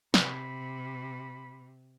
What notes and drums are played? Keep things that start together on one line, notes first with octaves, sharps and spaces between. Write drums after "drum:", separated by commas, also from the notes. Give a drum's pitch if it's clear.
C3 B5, drum: snare